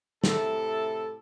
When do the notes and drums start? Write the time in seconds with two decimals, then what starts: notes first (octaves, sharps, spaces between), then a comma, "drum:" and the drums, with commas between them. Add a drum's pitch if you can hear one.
0.24 A2 C3 A4, drum: snare